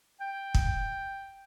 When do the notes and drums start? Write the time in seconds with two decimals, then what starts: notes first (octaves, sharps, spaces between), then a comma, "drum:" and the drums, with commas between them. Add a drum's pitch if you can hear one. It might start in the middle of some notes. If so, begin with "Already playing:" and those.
0.21 G5
0.55 drum: kick